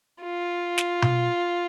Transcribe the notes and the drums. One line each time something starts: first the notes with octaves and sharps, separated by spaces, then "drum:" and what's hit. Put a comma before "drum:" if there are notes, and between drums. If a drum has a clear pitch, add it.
F4
drum: snare
drum: tom B2